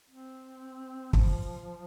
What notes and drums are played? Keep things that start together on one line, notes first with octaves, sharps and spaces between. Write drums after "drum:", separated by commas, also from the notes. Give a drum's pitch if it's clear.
C4
F3, drum: kick